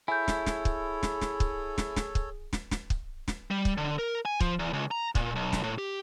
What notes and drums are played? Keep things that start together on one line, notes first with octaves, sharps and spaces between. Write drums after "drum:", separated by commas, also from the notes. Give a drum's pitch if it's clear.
E4 G#4 A4 C#5 G#5 G6
drum: snare
drum: snare
drum: kick
drum: snare
drum: snare
drum: kick
drum: snare
drum: snare
drum: kick
drum: snare
drum: snare
drum: kick
drum: snare
G3
drum: kick
D3
A#4
G#5
F3, drum: kick
E2
C#2
A#5
A#2, drum: kick
B1
drum: snare
A2
G4